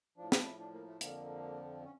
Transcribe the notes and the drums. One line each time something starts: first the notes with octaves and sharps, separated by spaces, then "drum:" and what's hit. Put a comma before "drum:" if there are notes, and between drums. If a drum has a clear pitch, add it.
A2 F3 D4
E4, drum: snare
D4
E4
D4
A#3
A3
F2 D3 F3 A#3, drum: hi-hat
C#4